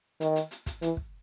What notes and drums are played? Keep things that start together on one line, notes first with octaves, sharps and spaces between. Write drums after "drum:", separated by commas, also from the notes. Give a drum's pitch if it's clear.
D#3, drum: hi-hat
drum: hi-hat
drum: hi-hat
drum: kick, hi-hat
E3, drum: hi-hat
drum: kick